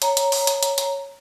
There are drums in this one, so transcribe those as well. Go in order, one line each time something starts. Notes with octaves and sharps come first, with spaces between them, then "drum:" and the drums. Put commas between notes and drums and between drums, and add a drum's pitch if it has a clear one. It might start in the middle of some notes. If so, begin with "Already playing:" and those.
C#5 A#5, drum: hi-hat
drum: hi-hat
drum: open hi-hat
drum: hi-hat
drum: hi-hat
drum: hi-hat